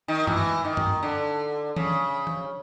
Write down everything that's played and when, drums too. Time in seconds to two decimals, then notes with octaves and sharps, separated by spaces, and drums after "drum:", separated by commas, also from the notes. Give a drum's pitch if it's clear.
0.08 D#3
0.27 E3, drum: tom
0.65 D#3
0.77 drum: tom
1.03 D3
1.76 C#3, drum: tom E3
2.27 drum: tom E3